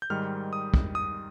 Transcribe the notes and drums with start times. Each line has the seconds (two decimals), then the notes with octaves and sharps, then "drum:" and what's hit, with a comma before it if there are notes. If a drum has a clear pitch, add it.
0.02 G6
0.10 G#2 D#3 G3 F6
0.53 D#6
0.74 drum: kick
0.95 D#6